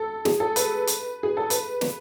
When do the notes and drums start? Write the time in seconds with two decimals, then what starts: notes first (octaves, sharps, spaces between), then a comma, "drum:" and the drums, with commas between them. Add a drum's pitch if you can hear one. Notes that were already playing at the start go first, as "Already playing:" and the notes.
Already playing: A4
0.25 G#4, drum: snare
0.40 A4
0.56 B4, drum: hi-hat
0.87 drum: hi-hat
1.23 G#4
1.37 A4
1.50 B4, drum: hi-hat
1.81 B4, drum: snare